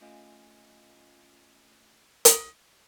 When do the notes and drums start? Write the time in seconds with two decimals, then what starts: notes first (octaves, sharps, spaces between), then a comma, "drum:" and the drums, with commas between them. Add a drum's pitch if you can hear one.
0.01 A3 C#4 F4 D#5 F5 G#5
2.25 drum: hi-hat